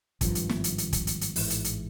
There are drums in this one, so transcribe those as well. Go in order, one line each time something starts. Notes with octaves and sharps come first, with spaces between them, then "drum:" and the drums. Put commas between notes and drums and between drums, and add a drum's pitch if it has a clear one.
G#1 G2 D3 F3, drum: kick, hi-hat
drum: hi-hat
drum: snare
drum: hi-hat
drum: hi-hat
drum: kick, hi-hat
drum: hi-hat
drum: hi-hat
A1 G#2 E3, drum: open hi-hat
drum: hi-hat
drum: hi-hat